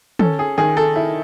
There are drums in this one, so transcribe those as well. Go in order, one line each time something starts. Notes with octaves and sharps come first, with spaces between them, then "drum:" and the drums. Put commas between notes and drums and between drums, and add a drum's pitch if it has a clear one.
C#4 A4, drum: tom
G#4
D#3 G#4
A4
E4